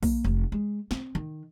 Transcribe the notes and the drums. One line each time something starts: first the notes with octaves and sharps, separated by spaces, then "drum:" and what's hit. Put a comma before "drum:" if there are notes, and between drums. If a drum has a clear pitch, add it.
A#3, drum: kick A#1, open hi-hat
F1
G#3
C4, drum: snare
D#3